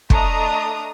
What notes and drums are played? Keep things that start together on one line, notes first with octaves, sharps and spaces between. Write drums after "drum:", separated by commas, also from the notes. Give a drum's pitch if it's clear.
A3 D4 D#5 A#5 D#6, drum: kick